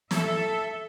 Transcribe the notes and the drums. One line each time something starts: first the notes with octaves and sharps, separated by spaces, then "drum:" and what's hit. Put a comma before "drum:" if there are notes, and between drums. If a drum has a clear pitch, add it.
A4 E5, drum: snare